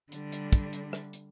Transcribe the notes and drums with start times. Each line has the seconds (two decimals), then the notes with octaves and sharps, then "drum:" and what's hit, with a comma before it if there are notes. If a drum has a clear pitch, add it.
0.12 D3 G3, drum: hi-hat
0.32 drum: hi-hat
0.53 drum: kick, hi-hat
0.73 drum: hi-hat
0.93 drum: rim click
1.13 drum: hi-hat